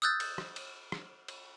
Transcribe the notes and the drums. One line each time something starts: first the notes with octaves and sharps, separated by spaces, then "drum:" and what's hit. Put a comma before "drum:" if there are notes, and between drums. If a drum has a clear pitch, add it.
D#6 E6 F#6 G6 A6
drum: cymbal
drum: rim click
drum: cymbal
drum: rim click
drum: cymbal